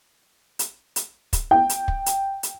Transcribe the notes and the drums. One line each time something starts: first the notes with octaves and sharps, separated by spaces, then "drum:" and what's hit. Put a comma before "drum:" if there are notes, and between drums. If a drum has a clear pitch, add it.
drum: hi-hat
drum: hi-hat
drum: kick, hi-hat
G5
drum: hi-hat
drum: kick
drum: hi-hat
drum: hi-hat